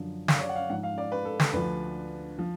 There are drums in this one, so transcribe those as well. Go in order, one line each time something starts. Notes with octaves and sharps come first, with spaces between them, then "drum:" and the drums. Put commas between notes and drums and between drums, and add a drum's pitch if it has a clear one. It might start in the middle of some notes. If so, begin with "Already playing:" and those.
Already playing: F#2 D3 F3
F5, drum: snare
C#5
D5
F#5
F5
G#2 F3 F#5
F5
D5
B4
A4
A4, drum: snare
D2 D3 F3 B4
F3